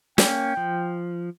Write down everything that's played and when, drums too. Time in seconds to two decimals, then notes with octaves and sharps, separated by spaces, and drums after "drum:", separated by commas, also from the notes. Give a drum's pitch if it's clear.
0.18 A#3 C#4 G5, drum: snare
0.57 F3